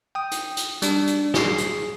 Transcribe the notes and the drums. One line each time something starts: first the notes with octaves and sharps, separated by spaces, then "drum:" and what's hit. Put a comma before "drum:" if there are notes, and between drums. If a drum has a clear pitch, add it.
G5 D#6
drum: hi-hat
drum: hi-hat
G3 D4, drum: hi-hat
drum: hi-hat
G#4 C7, drum: snare
drum: hi-hat